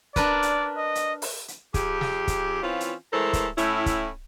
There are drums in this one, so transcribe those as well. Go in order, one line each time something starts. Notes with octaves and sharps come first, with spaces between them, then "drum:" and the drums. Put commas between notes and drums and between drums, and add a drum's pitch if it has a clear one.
D4 A#4 B4 D5, drum: kick, hi-hat
drum: hi-hat
D#5
drum: hi-hat
drum: open hi-hat
drum: hi-hat
F2 G4 G#4, drum: kick, hi-hat
drum: snare
drum: kick, hi-hat
E3 C4 C#4 F4
drum: hi-hat
E3 G#3 A3 A4 A#4 C5
drum: kick, hi-hat
A2 C#4 E4, drum: hi-hat
drum: kick, hi-hat